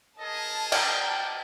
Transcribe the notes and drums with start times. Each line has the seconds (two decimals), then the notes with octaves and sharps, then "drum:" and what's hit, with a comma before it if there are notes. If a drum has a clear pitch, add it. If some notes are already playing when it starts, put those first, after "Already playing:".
0.20 G#4 A#4 D#5 A5
0.72 D5 G5 A#5, drum: cymbal